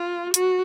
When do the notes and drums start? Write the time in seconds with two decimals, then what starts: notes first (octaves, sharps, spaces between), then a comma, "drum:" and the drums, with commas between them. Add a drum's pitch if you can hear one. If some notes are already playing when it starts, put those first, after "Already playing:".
Already playing: F4
0.34 F#4, drum: hi-hat